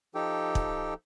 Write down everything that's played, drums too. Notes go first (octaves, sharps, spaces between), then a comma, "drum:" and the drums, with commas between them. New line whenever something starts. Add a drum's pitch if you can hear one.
F3 D#4 G4 A4 G5
drum: kick